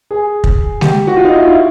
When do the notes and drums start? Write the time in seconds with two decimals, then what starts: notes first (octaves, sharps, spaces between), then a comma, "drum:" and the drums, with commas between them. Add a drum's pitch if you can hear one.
0.11 G#4
0.44 drum: kick
0.81 G4, drum: snare G#3
1.07 F#4
1.17 F4
1.25 D#4
1.34 E4
1.43 F4
1.52 E4